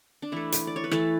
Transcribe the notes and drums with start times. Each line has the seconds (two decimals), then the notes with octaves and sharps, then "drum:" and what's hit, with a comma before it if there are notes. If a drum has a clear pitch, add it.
0.22 D4
0.32 E3 A3 E4
0.52 drum: hi-hat
0.67 D5
0.76 C#5
0.84 B4
0.91 E3 A3 A4, drum: rim click